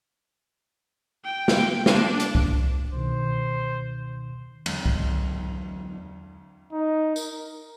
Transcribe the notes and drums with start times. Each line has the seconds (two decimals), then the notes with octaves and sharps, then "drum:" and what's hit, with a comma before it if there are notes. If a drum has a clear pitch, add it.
1.25 G5
1.48 drum: snare
1.86 D4, drum: snare
2.20 drum: hi-hat
2.35 drum: kick C2
2.93 C#2 B2 D#3 C5
4.66 E2 D3 F#3 G#3, drum: cymbal
4.86 drum: kick C2
6.72 D#4
7.16 A#4, drum: tambourine